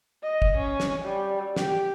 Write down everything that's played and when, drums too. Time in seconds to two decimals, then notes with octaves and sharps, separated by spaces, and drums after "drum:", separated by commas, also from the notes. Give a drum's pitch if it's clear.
0.23 D#5
0.42 drum: kick
0.57 C#4
0.80 drum: snare
1.05 G3
1.56 G4, drum: snare